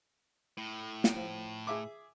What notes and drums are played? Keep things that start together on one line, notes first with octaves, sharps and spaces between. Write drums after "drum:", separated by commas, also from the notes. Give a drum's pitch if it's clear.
A2
drum: snare
F3
G#4 E5 D6